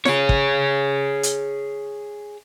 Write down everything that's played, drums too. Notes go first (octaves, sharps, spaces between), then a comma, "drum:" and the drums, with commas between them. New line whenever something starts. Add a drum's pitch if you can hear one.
G#4 C#5, drum: snare
drum: kick
drum: hi-hat